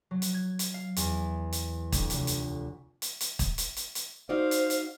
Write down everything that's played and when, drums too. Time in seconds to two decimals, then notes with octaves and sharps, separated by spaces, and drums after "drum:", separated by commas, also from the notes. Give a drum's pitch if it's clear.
0.11 F#3
0.22 drum: hi-hat
0.34 G#6
0.59 drum: hi-hat
0.74 F5
0.96 E2, drum: hi-hat
1.52 drum: hi-hat
1.92 D2, drum: kick, hi-hat
2.10 F1, drum: hi-hat
2.27 drum: hi-hat
3.02 drum: hi-hat
3.21 drum: hi-hat
3.39 drum: kick, hi-hat
3.58 drum: hi-hat
3.77 drum: hi-hat
3.95 drum: hi-hat
4.29 D#4 F#4 C5 D5 F5
4.51 drum: hi-hat
4.70 drum: hi-hat